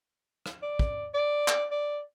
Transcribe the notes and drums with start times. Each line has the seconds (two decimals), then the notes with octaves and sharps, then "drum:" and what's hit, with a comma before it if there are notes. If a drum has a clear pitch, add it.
0.46 drum: rim click
0.62 D5
0.79 drum: kick
1.14 D5
1.48 drum: clap
1.71 D5